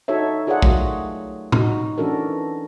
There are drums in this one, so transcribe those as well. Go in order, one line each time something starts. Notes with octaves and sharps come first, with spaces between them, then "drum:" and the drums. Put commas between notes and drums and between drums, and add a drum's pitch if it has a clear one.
D#4 F#4 A4 C#5 E5
F4 G#4 A#4 C#5 D5 F#5
F#3 A3 F#4, drum: kick
D#4 F#4, drum: tom A2
E3 C#4 D4 F#4 A4 A#4